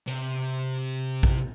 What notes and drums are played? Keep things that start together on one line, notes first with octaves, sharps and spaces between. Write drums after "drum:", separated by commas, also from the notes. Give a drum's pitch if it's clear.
C3, drum: hi-hat
drum: kick